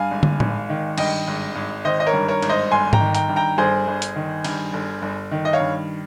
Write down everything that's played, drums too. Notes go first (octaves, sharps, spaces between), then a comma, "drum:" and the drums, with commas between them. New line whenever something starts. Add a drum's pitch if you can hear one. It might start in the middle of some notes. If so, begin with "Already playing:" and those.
Already playing: G2 F5 G#5
G#1
drum: tom
G#1, drum: tom A2
D#3
G2 D#5 G5, drum: cymbal
G#1
G#1
D#3 C5 D#5
D#5
A#4 C#5
G2
A#4 C#5
G#1, drum: cymbal
C5 D#5
G1 G#5 C6
G5 A#5, drum: tom G#2
D#3
G5 A#5, drum: hi-hat
G2
G5 A#5
G1 G#4 C5
G1
drum: hi-hat
D#3
G2, drum: cymbal
G1
G1
D#3
D#5
C#5 F5
G2